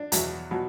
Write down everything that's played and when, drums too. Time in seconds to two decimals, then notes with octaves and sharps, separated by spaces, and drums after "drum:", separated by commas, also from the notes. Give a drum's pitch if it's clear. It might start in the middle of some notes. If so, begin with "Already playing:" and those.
Already playing: D4
0.12 E2 B2 F#3, drum: hi-hat
0.51 B2 F#3